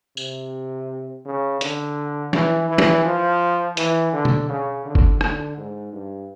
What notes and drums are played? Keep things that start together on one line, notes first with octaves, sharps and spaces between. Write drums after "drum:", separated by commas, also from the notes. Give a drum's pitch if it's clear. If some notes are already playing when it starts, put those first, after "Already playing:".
C3, drum: tambourine
C#3
D3, drum: hi-hat
E3, drum: snare
E3
drum: snare
F3
E3, drum: hi-hat
D3
drum: tom B2
C#3
D3
drum: kick F#1
D3, drum: rim click
G#2
G2